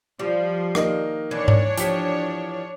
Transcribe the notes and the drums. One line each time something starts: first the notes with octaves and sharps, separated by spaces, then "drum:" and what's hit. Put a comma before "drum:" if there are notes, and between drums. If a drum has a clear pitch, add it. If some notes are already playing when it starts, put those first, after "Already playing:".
F3 G3
D#3 A#3 D#5, drum: rim click
E3 D4 C#5 D5
drum: tom G#2
F3 G4 B6, drum: hi-hat